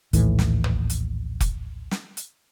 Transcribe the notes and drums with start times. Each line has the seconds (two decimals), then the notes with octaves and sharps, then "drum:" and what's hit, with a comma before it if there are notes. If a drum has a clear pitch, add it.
0.13 A#1 D#2 A2 E3, drum: hi-hat
0.39 drum: snare
0.64 drum: tom
0.90 drum: hi-hat
1.40 drum: kick F1, hi-hat
1.91 drum: snare
2.17 drum: hi-hat